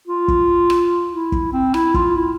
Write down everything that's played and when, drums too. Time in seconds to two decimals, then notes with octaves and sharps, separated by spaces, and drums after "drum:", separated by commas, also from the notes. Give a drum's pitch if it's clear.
0.08 F4
0.28 drum: kick
0.70 drum: rim click
1.11 E4
1.32 drum: kick
1.53 C4
1.74 E4, drum: rim click
1.94 F4, drum: kick
2.15 E4